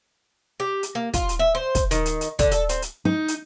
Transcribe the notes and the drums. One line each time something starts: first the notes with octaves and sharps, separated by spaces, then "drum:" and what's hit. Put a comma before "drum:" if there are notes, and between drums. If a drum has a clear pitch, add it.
G4
drum: hi-hat
A#3
F4, drum: kick, hi-hat
drum: hi-hat
E5
C5
drum: kick, hi-hat
D#3, drum: hi-hat
drum: hi-hat
drum: hi-hat
D3, drum: kick, hi-hat
A4, drum: hi-hat
C4, drum: hi-hat
drum: hi-hat
D#4
drum: hi-hat